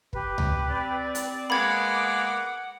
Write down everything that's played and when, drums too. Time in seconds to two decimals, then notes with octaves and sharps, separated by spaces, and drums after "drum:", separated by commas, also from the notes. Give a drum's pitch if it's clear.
0.13 G4 B4, drum: kick
0.38 drum: tom C#2
0.69 C4 D5
1.15 drum: hi-hat
1.50 G#3 A#3 B3 F#5 B5 D6 G#6